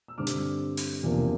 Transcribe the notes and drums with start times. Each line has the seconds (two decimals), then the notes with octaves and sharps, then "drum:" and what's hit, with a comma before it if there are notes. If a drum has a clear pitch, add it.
0.08 E6
0.18 G2 D3 G3 C4 D6 F6
0.27 drum: hi-hat
0.77 drum: open hi-hat
1.03 E2 C3 F3 A#3 D4